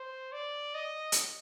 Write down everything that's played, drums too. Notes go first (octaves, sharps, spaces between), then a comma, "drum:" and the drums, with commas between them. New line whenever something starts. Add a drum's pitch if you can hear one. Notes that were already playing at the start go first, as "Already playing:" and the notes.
Already playing: C5
D5
D#5
drum: hi-hat